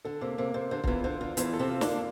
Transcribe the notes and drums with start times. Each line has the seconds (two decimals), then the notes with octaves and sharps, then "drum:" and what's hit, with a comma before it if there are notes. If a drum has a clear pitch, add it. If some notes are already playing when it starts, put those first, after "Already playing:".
0.05 D3 A4
0.21 C3 A#3
0.38 C3 A#3
0.54 C3 C5
0.71 D3 C5
0.84 D3, drum: kick
0.87 E2 E3 F4
1.04 D3 C5
1.20 D3 F4
1.37 E2 E3 C5, drum: hi-hat
1.54 A4
1.59 C3 C4
1.70 F4
1.81 D3 D4, drum: snare
1.87 A#3